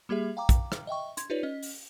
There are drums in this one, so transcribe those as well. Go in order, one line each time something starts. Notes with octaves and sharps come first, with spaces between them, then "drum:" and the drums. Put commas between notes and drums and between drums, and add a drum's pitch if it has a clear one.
G3 A#3 G4 G#4 E5
F5 G5 A#5 D6
drum: kick, hi-hat
drum: rim click
D#5 E5 G5 C#6
C6 G#6, drum: hi-hat
D#4 F4 G4 B4 C#5 D5
C#4 D#5
drum: open hi-hat